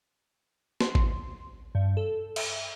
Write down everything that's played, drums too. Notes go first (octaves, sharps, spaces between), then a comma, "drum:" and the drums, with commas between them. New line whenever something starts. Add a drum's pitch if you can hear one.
C6, drum: snare
drum: kick A1
G2
A4
E5, drum: cymbal